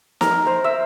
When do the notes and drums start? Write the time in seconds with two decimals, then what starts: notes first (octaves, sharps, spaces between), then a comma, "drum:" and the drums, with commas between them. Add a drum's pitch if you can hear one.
0.21 A#4, drum: snare
0.47 C5
0.64 E5